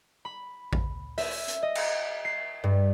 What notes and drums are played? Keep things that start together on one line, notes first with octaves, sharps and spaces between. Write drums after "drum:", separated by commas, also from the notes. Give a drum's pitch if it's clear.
B5
drum: kick A1
E5, drum: open hi-hat
drum: hi-hat
D#5
drum: cymbal
C7
G2